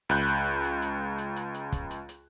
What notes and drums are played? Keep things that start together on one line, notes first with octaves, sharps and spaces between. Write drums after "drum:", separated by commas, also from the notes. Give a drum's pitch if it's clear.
C#2 B5 F#6 G6, drum: hi-hat
drum: hi-hat
drum: hi-hat
drum: hi-hat
drum: hi-hat
drum: hi-hat
drum: hi-hat
drum: kick, hi-hat
drum: hi-hat
drum: hi-hat